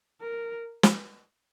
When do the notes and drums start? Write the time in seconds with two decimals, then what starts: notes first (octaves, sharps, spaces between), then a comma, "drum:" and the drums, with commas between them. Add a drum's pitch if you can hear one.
0.21 A#4
0.83 drum: snare